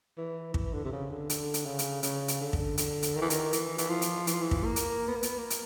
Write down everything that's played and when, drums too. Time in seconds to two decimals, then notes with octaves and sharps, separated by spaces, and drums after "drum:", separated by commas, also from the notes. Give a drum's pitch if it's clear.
0.18 E3
0.54 E3, drum: kick
0.73 D3
0.85 C3
0.92 C#3
1.11 D3
1.30 D3, drum: hi-hat
1.54 drum: hi-hat
1.66 C#3
1.79 drum: hi-hat
2.03 C#3, drum: hi-hat
2.28 drum: hi-hat
2.41 D3
2.53 drum: kick
2.78 D3, drum: hi-hat
3.03 drum: hi-hat
3.15 D#3
3.22 E3
3.30 D#3, drum: hi-hat
3.53 E3, drum: hi-hat
3.78 E3, drum: hi-hat
3.89 F3
4.02 drum: hi-hat
4.27 E3, drum: hi-hat
4.34 F3
4.42 E3
4.51 drum: kick
4.64 A#3
4.76 drum: hi-hat
5.08 B3
5.16 A#3
5.23 B3, drum: hi-hat
5.38 A#3
5.50 drum: hi-hat